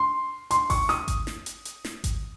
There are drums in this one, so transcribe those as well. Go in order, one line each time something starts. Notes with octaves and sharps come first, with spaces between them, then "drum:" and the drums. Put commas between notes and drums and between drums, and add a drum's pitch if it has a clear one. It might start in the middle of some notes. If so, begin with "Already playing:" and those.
Already playing: C6
C6, drum: hi-hat
C#6, drum: kick G#1, open hi-hat
D#6, drum: snare
drum: kick G#1, hi-hat
drum: snare
drum: hi-hat
drum: hi-hat
drum: snare
drum: kick G#1, hi-hat